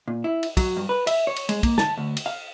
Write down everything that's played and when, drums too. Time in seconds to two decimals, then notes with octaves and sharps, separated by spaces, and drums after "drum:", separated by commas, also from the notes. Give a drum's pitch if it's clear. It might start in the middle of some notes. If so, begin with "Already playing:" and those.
0.08 A#2
0.24 E4
0.43 drum: cymbal
0.57 F#3, drum: kick, cymbal
0.77 G2
0.89 B4
1.07 E5, drum: cymbal
1.27 C#5
1.36 drum: cymbal
1.49 G#3, drum: cymbal
1.63 A#3, drum: kick, cymbal
1.78 A5, drum: snare
1.98 D2
2.17 drum: cymbal
2.26 F5